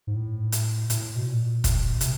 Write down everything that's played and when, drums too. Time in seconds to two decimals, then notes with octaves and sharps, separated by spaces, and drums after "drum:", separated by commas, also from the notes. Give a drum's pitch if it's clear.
0.07 G#2
0.15 A2
0.52 drum: hi-hat
0.90 A2, drum: hi-hat
1.16 B2
1.27 A#2
1.64 drum: kick, hi-hat
2.01 C3, drum: hi-hat